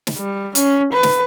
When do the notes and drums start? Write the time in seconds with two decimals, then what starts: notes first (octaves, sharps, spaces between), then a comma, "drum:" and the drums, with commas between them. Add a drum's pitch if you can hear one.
0.07 drum: snare
0.18 G3
0.55 C#4, drum: hi-hat
0.93 B4
1.03 drum: snare